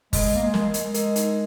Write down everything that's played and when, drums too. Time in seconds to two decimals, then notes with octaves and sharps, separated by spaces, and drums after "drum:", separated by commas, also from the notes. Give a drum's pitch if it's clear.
0.13 G#3 D#5, drum: kick G1, open hi-hat
0.33 A#3 D#5
0.43 G#3
0.54 A#4, drum: snare
0.74 G#3 D#5, drum: hi-hat
0.94 A#4, drum: hi-hat
1.16 D#4, drum: hi-hat